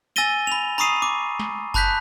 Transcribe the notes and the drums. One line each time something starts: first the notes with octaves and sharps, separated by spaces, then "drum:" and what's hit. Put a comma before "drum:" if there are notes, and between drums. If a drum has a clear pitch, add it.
G#5 E6 A6 A#6 D#7 G7
B5 F7
A#5 B5 C#6 D#6 C7 D#7
D6
drum: snare
A5 B5 F#6 G6 B6, drum: kick F#1